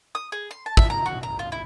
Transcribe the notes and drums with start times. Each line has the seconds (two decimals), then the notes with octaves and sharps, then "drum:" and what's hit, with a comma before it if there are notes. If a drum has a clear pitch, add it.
0.15 D#6
0.32 G#4
0.51 C6
0.66 A5
0.77 E5, drum: kick
0.90 A#5
1.06 F#4
1.23 A#5
1.39 F4
1.52 E4